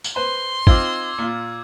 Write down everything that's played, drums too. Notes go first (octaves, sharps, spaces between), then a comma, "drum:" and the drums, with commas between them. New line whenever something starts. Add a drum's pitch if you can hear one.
drum: tambourine
B4 C5 C6
C4 D#4 F4 D6 E6 G#6, drum: kick
A#2 F4